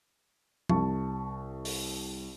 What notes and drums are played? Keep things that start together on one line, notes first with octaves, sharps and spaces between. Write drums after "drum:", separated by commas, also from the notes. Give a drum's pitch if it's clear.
C2 A5 C#6, drum: tom F3
drum: open hi-hat